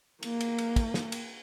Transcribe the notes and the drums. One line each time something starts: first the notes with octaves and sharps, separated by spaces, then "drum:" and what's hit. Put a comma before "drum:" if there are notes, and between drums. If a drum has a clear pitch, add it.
A#3, drum: cymbal
drum: cymbal
drum: cymbal
drum: kick, cymbal
drum: snare
drum: cymbal